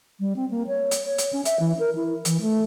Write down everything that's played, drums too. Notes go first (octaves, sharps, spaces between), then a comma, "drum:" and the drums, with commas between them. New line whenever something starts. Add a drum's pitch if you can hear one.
G3
C4
A#3
C#5
drum: hi-hat
C#5
drum: hi-hat
C#4
E5, drum: hi-hat
E3
A#4
E4
E3, drum: hi-hat
A3